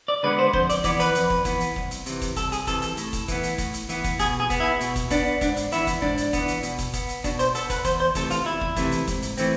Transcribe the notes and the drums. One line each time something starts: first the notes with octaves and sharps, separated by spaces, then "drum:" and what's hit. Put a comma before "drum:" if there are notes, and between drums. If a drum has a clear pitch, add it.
D5
D3 G#3 B3 B4
C5
F2 C5, drum: kick
D5, drum: hi-hat
E3 B3 D5, drum: kick, hi-hat
B4, drum: hi-hat
F2, drum: hi-hat
drum: kick
E3 B3, drum: kick, hi-hat
drum: hi-hat
C2, drum: kick
drum: hi-hat
C3 E3, drum: hi-hat
drum: kick, hi-hat
C2 A4, drum: kick, hi-hat
G#4, drum: hi-hat
C3 E3 A4, drum: kick, hi-hat
A4, drum: hi-hat
A2, drum: hi-hat
drum: kick, hi-hat
E3 B3, drum: kick, hi-hat
drum: hi-hat
A2, drum: kick, hi-hat
drum: hi-hat
E3 B3, drum: hi-hat
drum: kick, hi-hat
B2 G#4, drum: kick, hi-hat
G#4
B3, drum: kick, hi-hat
E4
B2, drum: hi-hat
drum: kick, hi-hat
B3 D4, drum: kick, hi-hat
G#2 D4, drum: kick, hi-hat
drum: hi-hat
E3 B3 E4, drum: hi-hat
drum: kick, hi-hat
G#2 D4, drum: kick
drum: hi-hat
E3 B3, drum: kick, hi-hat
drum: hi-hat
B2, drum: hi-hat
drum: kick, hi-hat
B3, drum: kick, hi-hat
drum: hi-hat
B2 D4, drum: kick, hi-hat
C5, drum: hi-hat
B3 A4, drum: hi-hat
B4, drum: kick, hi-hat
E2 C5, drum: kick, hi-hat
C5
C3 E3 A3 A4, drum: kick, hi-hat
F4, drum: hi-hat
E2 E4
drum: kick
C3 E3 A3, drum: kick, hi-hat
drum: hi-hat
G#2, drum: kick, hi-hat
drum: hi-hat
E3 A3 C4, drum: hi-hat